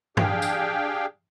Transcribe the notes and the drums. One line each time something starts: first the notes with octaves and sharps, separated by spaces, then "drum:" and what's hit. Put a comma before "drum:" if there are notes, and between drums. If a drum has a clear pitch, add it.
D4 G4 G#4 F5 G5, drum: tom G2
drum: tambourine